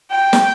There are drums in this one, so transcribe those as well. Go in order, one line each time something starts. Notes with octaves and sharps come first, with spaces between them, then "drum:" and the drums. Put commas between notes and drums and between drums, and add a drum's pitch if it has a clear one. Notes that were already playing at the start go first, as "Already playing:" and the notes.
G5
drum: snare